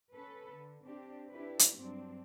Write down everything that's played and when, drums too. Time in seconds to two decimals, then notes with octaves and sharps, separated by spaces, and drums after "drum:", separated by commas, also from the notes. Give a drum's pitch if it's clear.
0.14 C#4 A4 B4
0.53 D3
0.84 C4 D4 G4
1.31 D4 E4 G4 B4
1.59 drum: hi-hat
1.76 G2 F#3 C4 D4